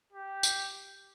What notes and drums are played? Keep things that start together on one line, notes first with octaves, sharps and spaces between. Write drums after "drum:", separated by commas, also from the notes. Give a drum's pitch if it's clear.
G4
drum: tambourine